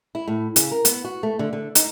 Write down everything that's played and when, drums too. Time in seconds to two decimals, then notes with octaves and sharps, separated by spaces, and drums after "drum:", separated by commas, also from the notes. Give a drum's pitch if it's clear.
0.15 E4
0.28 A2
0.56 C#3, drum: hi-hat
0.71 A#4
0.85 B3, drum: hi-hat
1.04 F#4
1.23 A3
1.39 D3
1.53 D3
1.75 D#4, drum: hi-hat